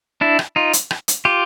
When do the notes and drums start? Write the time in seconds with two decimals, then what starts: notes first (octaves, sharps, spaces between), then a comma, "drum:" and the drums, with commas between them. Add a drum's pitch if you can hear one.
0.21 D4 E4
0.39 drum: rim click
0.56 D#4 F4
0.73 drum: hi-hat
0.91 drum: rim click
1.08 drum: hi-hat
1.25 F4 G4